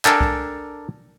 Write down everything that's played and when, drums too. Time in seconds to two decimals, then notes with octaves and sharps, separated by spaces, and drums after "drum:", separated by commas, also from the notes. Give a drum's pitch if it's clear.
0.05 D4 A4 A#4 G5 G#5, drum: clap
0.21 drum: kick C2